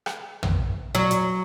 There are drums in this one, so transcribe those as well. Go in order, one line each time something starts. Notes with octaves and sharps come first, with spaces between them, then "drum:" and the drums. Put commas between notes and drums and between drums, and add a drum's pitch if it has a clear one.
drum: rim click
drum: tom
F#3
drum: hi-hat